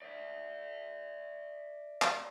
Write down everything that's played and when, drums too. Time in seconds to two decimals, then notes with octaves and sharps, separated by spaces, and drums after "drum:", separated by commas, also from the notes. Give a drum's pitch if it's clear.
0.02 D5 E5
2.02 drum: clap